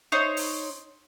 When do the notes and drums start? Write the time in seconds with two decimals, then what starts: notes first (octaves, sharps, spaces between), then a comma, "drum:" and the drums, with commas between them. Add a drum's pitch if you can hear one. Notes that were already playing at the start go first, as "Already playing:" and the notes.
0.12 D#4 C5 C#5
0.37 drum: open hi-hat